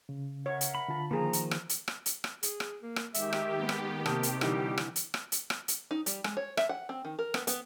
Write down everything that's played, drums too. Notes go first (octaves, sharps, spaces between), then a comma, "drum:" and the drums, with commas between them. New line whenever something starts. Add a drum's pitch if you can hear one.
C#3
A#4 C#5 E5 F#5
drum: hi-hat
B5
D3 F4 A5
D#3 F3 A#3 G#4 A#5
drum: hi-hat
drum: rim click
drum: hi-hat
drum: rim click
drum: hi-hat
drum: rim click
G#4, drum: hi-hat
drum: rim click
A#3
drum: rim click
D#3 G#3 G4 E5, drum: hi-hat
drum: rim click
G#3 B3
drum: rim click
C3 A#3 A5 D#6 G6, drum: rim click
drum: hi-hat
D3 E3 G3 D#4, drum: rim click
drum: rim click
drum: hi-hat
drum: rim click
drum: hi-hat
drum: rim click
drum: hi-hat
D#4
G3, drum: hi-hat
G#3, drum: rim click
C#5
E5, drum: rim click
F#5
C4
D#3
A#4
B3, drum: rim click
B3, drum: hi-hat